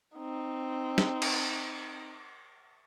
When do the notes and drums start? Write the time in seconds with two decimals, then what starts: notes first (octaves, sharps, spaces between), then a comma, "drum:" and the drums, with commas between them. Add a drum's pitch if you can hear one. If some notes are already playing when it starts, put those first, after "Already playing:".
0.16 C4 D#4
0.98 drum: snare
1.22 drum: cymbal